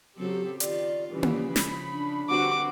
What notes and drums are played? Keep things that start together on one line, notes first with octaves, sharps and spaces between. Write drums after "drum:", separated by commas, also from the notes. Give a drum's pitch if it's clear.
C#3 F#3 C4 G4 A4
D#3 F4 D5, drum: hi-hat
C#3 E3 F3 G3 C#4
drum: tom A#3
B5, drum: snare
D4
D3 G3 C4 F#4 B4 D6